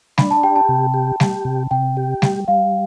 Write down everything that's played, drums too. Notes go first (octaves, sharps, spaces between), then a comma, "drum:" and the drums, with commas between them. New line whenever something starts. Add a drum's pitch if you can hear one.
D4 B5, drum: snare G3
A5
G4 G5
A5
C3
G4
G4, drum: snare G3
C3
C3 G5
G4
G3, drum: snare G3
G3 F5